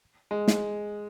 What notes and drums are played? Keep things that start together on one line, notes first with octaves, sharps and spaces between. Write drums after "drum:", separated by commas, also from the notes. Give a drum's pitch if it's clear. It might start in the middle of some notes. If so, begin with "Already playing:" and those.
G#3
drum: snare